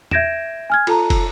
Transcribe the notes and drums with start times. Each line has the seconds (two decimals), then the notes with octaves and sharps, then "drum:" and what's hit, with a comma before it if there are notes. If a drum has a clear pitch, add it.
0.11 E5 G6 G#6 A#6 D7 E7, drum: tom E2
0.70 G#5 F6 G#6
0.87 F4 A4 A5 A#5, drum: cymbal
1.10 drum: kick, cymbal